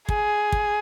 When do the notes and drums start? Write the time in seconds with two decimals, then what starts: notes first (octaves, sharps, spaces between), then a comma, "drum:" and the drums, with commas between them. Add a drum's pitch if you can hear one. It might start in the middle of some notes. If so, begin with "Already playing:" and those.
0.09 G#4, drum: kick
0.52 drum: kick